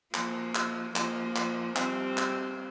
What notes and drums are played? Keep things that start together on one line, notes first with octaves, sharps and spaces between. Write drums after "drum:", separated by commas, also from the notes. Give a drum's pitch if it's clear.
F3 A#3, drum: clap
drum: clap
F3 A#3, drum: clap
drum: clap
G3 C4, drum: clap
drum: clap